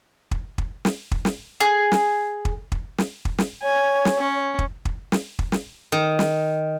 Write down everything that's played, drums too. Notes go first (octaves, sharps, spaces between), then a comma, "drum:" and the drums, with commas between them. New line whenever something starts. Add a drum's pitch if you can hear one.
drum: kick
drum: kick
drum: snare
drum: kick
drum: snare
G#4
drum: snare
drum: kick
drum: kick
drum: snare
drum: kick
drum: snare
C#5 G#5
drum: snare
C#4
drum: kick
drum: kick
drum: snare
drum: kick
drum: snare
D#3
drum: snare